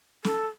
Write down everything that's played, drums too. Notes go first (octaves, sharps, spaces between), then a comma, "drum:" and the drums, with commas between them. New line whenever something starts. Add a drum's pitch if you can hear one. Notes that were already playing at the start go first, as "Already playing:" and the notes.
A4, drum: snare